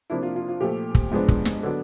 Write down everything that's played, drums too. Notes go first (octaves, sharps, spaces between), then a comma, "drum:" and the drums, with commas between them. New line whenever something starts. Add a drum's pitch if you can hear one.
C3 F3 A#3 D4 E4
F4
F4
F4
A#2 F3 A3 G4
drum: kick
G#2 F3 G#3 B3 D4
drum: kick
drum: snare
D3 F#3 B3 D4